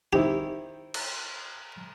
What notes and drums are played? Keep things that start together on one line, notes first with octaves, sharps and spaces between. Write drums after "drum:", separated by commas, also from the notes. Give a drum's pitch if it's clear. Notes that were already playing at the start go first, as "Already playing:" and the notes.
D#3 C4 E4 G4
drum: cymbal